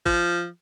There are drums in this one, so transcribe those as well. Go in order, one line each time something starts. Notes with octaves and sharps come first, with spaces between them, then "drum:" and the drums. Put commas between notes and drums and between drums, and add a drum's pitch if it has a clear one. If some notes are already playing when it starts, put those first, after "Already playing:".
F3, drum: kick